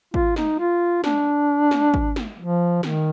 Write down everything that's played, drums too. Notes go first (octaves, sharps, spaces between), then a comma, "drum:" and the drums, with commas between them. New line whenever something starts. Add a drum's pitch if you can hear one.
F4, drum: kick G#1
D#4, drum: snare
F4
D4, drum: snare
drum: snare
drum: kick G#1
drum: snare
F3
D#3, drum: snare